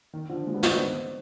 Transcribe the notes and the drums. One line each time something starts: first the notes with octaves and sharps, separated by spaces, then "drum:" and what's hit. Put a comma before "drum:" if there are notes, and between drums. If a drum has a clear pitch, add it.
D#3
D3 F3
F3 G#3
G3 B3
G#3 C4, drum: snare
B3 D4
C4 D#4